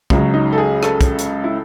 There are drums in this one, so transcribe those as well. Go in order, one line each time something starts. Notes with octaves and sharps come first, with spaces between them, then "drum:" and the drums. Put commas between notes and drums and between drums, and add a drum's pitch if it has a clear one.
C#2 C#3 F#3, drum: kick
D#4
A4
G#4
A4, drum: rim click
drum: kick, hi-hat
drum: hi-hat
E4